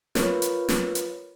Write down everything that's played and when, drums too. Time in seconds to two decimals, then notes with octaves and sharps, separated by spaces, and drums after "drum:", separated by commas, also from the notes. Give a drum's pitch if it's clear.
0.15 F4 A#4 B4 C#5, drum: snare
0.42 drum: hi-hat
0.68 drum: snare
0.95 drum: hi-hat